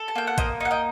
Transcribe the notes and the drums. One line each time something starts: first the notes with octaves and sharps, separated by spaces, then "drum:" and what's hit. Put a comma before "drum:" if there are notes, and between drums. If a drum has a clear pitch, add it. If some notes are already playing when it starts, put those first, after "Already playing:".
Already playing: A4
A5
A#3 G5
F#5
A#3 C5 D#5, drum: kick A1, hi-hat
D#4 F#5
D#5 G5